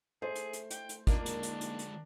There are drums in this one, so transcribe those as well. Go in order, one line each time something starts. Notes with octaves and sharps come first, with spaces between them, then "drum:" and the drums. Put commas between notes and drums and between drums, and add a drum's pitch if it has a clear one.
A3 G#4 C5
drum: hi-hat
drum: hi-hat
G5, drum: hi-hat
drum: hi-hat
A#3 D4 D#4 F4 A#4, drum: kick, hi-hat
D3 G#3, drum: hi-hat
drum: hi-hat
drum: hi-hat
drum: hi-hat